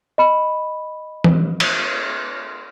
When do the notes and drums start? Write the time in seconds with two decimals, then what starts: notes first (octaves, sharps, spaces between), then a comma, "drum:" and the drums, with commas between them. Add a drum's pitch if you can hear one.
0.18 D#5 B5
1.24 drum: tom E3
1.60 drum: cymbal